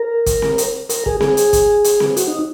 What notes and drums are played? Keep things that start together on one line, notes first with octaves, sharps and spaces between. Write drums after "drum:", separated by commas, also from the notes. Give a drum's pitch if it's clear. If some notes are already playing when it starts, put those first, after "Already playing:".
Already playing: A#4
drum: kick, hi-hat
drum: snare C4
drum: hi-hat
A#4, drum: hi-hat
G#4, drum: kick
G#4, drum: snare C4
drum: hi-hat
drum: kick, hi-hat
drum: hi-hat
drum: snare C4
F#4, drum: hi-hat
D#4